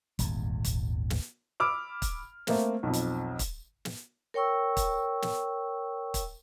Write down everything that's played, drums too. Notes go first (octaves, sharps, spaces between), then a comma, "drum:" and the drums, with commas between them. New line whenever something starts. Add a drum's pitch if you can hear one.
D#1 G#1 E2, drum: hi-hat
drum: kick, hi-hat
drum: snare
B5 D6 E6 F6 D7
drum: kick, hi-hat
A3 A#3 C4, drum: snare
B1 F2
drum: hi-hat
drum: kick, hi-hat
drum: snare
A#4 C#5 G5 C#6 E6
drum: kick, hi-hat
drum: snare
drum: kick, hi-hat